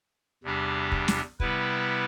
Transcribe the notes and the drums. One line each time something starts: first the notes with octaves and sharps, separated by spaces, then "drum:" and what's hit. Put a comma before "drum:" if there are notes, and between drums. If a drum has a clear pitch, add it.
E2 C3 G3 D4 G4
drum: kick
drum: snare
C3 G3 B3 E4 B4, drum: kick